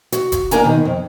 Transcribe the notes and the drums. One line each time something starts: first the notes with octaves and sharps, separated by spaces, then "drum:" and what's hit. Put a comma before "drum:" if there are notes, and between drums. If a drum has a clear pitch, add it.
F#4, drum: hi-hat
drum: kick E1, hi-hat
A#3 D4 A#4 G#5 A#5, drum: hi-hat
B2 D#3
F2